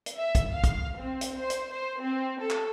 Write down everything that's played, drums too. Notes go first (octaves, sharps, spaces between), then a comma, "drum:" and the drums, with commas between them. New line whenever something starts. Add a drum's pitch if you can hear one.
drum: hi-hat
E5
drum: kick, hi-hat
F5
drum: kick, hi-hat
C4
drum: hi-hat
C5
drum: hi-hat
C5
C4
A4
drum: clap